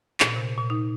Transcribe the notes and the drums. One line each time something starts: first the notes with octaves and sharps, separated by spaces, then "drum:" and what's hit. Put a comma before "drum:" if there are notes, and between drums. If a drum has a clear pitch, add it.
A#2, drum: clap
C3
A#2
D#4